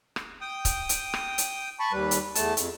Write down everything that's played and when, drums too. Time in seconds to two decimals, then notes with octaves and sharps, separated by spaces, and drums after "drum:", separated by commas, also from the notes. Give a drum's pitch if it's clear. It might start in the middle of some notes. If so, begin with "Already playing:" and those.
0.16 drum: rim click
0.41 G5 D#6
0.65 drum: kick C#1, hi-hat
0.89 drum: hi-hat
1.14 drum: rim click
1.38 drum: hi-hat
1.80 A5 B5 C#6
1.93 D#2 G3 B4
2.11 drum: hi-hat
2.35 E2 A3 A5, drum: hi-hat
2.57 F2, drum: hi-hat